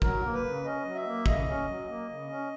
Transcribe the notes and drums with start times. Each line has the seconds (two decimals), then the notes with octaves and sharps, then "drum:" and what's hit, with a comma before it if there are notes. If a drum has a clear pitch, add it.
0.02 F#3 A#4, drum: kick
0.23 A#3
0.34 B4
0.44 C#3
0.64 C#4 D#5
0.85 F#3
0.95 E5
1.05 A#3
1.26 C#3 D#5, drum: kick
1.47 C#4
1.67 F#3
1.88 A#3
2.09 C#3
2.29 C#4